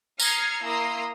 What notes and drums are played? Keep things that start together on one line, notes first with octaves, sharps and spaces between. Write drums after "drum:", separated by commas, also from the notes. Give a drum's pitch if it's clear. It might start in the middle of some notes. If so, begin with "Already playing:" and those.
A#5 D#6 F6 G#6 C7 C#7, drum: tambourine
A#3 E4 A#5 C6 D#6 E6